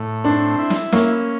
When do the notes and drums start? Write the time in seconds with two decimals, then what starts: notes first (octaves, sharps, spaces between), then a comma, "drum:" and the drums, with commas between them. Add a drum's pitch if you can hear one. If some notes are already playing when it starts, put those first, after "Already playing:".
Already playing: A2
0.24 C4 D4
0.58 E4
0.70 drum: snare
0.92 A#3 C#4, drum: snare